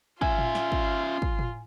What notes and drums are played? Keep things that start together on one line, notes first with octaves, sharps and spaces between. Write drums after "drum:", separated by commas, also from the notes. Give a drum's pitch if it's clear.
C#4 F4 E5 G#5, drum: kick
drum: tom A2
drum: snare
drum: kick
drum: kick
drum: tom A2